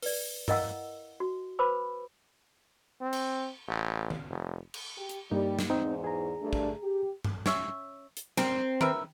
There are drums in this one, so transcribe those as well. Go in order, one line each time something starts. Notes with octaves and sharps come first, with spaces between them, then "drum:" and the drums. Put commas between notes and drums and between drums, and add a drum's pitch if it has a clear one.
B4 D5, drum: open hi-hat
E4 A#4 D#5 F5 F#5 E6, drum: tom G2
F#4
B4 C5 B5 D6 E6
C4
drum: cymbal
A1
drum: tom D#3
F1
drum: cymbal
G4
drum: hi-hat
G2 G3 A#3 D#4
drum: snare
E2 G#2 C4 D#4
G#4 A#5
G2 A3 D4
drum: kick
G4
drum: tom G2
C#4 C#5 E5, drum: snare
drum: hi-hat
C4 A#4, drum: snare
A#4 B4 E5, drum: tom